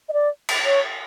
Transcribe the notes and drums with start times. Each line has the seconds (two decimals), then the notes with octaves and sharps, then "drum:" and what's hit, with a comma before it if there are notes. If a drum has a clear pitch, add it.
0.09 D#5
0.13 D5
0.49 drum: cymbal
0.64 C#5